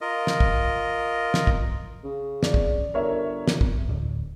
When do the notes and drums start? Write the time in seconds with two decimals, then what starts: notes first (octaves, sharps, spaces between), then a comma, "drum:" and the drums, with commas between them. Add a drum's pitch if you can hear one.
0.01 F4 A#4 D#5
0.27 drum: snare
0.40 drum: kick
1.34 drum: snare
1.47 drum: kick
2.04 C#3
2.43 D5, drum: snare
2.54 drum: kick
2.94 G1 A#4 C#5 E5
3.48 drum: snare
3.61 drum: kick
3.89 D1